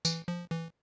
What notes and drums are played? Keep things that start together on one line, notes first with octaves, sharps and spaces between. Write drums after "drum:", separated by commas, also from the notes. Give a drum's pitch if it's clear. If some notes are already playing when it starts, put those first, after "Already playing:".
E3, drum: tambourine
F3
E3